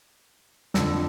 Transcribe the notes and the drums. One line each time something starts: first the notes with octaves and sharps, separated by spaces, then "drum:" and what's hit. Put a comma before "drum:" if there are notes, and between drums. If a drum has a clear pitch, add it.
F2 D3 E6, drum: snare